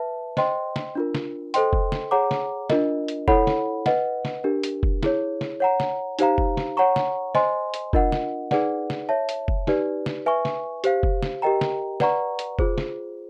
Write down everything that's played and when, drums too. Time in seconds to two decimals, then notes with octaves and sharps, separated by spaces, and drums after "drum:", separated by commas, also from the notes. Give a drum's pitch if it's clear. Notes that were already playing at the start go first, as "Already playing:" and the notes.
Already playing: B4 E5 A5
0.37 C5 D#5 G5 C6, drum: snare
0.76 drum: snare
0.95 D4 F4 A#4
1.15 drum: snare
1.54 A4 C5 D#5 G5 C6, drum: hi-hat
1.73 drum: kick F1
1.92 drum: snare
2.11 G#4 C#5 F#5 A#5 D6
2.31 drum: snare
2.70 D4 F4 A#4 D#5, drum: snare
3.08 drum: hi-hat
3.28 E4 A4 C#5 F#5 B5, drum: kick F1
3.47 drum: snare
3.86 B4 D#5 F#5, drum: snare
4.25 drum: snare
4.44 D4 G4 A#4
4.63 drum: hi-hat
4.83 drum: kick F1
5.03 E4 G#4 C#5, drum: snare
5.41 drum: snare
5.60 C#5 F#5 A#5
5.80 drum: snare
6.19 D#4 G4 C5 F5 A#5, drum: hi-hat
6.38 drum: kick F1
6.57 drum: snare
6.77 C#5 F#5 A#5 C#6
6.96 drum: snare
7.35 C5 D#5 G#5 C6, drum: snare
7.74 drum: hi-hat
7.93 D4 F4 A#4 D#5 F#5, drum: kick F1
8.12 drum: snare
8.51 D#4 G#4 B4 D5 F#5, drum: snare
8.90 drum: snare
9.09 C#5 E5 A5
9.29 drum: hi-hat
9.48 drum: kick F1
9.67 D#4 G4 B4 D5, drum: snare
10.06 drum: snare
10.26 B4 E5 G#5 C#6
10.45 drum: snare
10.84 G4 C5 F5, drum: hi-hat
11.03 drum: kick F1
11.23 drum: snare
11.42 G4 A#4 D#5 G5 A#5
11.61 drum: snare
12.00 B4 D5 F#5 A#5 C#6, drum: snare
12.39 drum: hi-hat
12.59 F4 G#4 C5, drum: kick F1
12.78 drum: snare